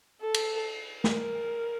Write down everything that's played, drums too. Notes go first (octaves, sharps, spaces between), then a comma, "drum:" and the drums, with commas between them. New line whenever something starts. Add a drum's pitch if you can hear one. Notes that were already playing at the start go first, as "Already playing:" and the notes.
A4
drum: cymbal
A#4, drum: snare